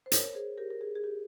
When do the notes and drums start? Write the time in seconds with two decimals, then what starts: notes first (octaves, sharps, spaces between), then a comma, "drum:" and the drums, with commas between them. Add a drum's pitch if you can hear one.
0.06 C5
0.12 A#4 C#5, drum: hi-hat
0.35 G#4 C5
0.58 G4 A#4
0.70 A#4
0.81 G#4
0.95 G#4
1.04 G4